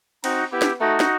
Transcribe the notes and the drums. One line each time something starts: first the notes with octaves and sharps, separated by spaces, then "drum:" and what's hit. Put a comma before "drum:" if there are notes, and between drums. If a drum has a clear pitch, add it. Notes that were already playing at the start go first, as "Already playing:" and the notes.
C4 D#4 F#4, drum: cymbal
B3 E4 G4
drum: snare
A3 D#4 F#4
drum: snare